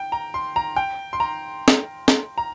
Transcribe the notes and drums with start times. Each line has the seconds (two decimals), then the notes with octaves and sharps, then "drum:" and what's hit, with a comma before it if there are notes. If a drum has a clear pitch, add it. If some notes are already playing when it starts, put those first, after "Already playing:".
Already playing: G5
0.12 A#5
0.34 C6
0.56 A#5
0.76 G5
1.13 C6
1.20 A#5
1.68 drum: snare
2.08 drum: snare
2.38 A#5